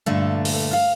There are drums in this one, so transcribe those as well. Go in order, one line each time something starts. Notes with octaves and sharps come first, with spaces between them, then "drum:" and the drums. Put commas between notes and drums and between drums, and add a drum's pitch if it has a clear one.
G2 A#2 D3 A3
drum: open hi-hat
F5